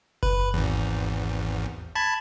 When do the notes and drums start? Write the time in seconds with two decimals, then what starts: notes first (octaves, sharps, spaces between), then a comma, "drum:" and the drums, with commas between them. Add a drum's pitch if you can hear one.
0.23 B4, drum: kick F#1
0.54 G#1 E2
1.95 A5 B5 G#6